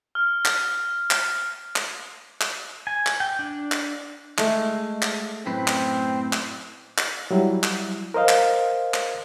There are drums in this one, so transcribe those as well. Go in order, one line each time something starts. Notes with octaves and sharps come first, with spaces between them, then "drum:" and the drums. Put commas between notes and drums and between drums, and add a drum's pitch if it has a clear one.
F6
drum: clap
drum: clap
drum: clap
drum: clap
G#5
drum: clap
G5
D4
drum: clap
G#3 A3, drum: clap
drum: clap
F#2 A2 C4 B4
drum: clap
drum: clap
drum: clap
F#3 G3 E4
drum: clap
A#4 C5 D#5 F5
drum: clap
drum: clap